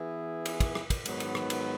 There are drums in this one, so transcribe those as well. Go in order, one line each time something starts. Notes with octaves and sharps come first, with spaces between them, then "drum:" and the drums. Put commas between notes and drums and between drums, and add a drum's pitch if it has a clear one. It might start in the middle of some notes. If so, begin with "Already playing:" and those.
Already playing: E3 B3 E4 G#4
drum: cymbal
drum: kick, cymbal
drum: rim click
drum: kick, cymbal
G#2 D#3 F#3 B3, drum: cymbal
drum: cymbal
drum: rim click
drum: cymbal